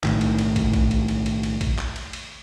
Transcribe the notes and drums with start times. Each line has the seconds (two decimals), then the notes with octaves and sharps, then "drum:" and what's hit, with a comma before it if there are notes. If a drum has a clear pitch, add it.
0.04 B1 A2 D#3, drum: clap
0.21 drum: cymbal
0.39 drum: cymbal
0.56 drum: kick, cymbal
0.73 drum: kick, cymbal
0.91 drum: cymbal
1.08 drum: cymbal
1.26 drum: cymbal
1.43 drum: cymbal
1.61 drum: kick, cymbal
1.78 drum: clap
1.96 drum: cymbal
2.13 drum: cymbal